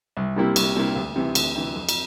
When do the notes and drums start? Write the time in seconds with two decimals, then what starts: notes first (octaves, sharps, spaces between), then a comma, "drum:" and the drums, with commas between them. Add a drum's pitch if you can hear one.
0.17 C2
0.36 C3 G3 A#3 E4
0.56 C2, drum: cymbal
0.76 C3 G3 A#3 E4
0.96 D2
1.16 C3 E3
1.35 D2, drum: cymbal
1.55 C3 E3
1.75 F2
1.89 drum: cymbal